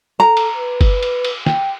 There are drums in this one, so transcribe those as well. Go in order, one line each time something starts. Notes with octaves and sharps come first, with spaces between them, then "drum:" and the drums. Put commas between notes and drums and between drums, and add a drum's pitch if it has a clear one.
A4 A#5
drum: cymbal
B4
drum: kick F#1, cymbal
drum: cymbal
drum: cymbal
G5, drum: snare